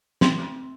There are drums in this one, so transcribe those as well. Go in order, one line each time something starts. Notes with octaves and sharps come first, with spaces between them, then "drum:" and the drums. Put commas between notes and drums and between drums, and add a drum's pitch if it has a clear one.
C4, drum: snare